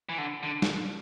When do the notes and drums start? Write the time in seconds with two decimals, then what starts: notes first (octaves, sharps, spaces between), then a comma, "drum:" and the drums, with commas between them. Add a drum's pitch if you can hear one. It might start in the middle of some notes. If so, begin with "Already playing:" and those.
0.09 E3
0.18 D3
0.43 D3
0.62 drum: snare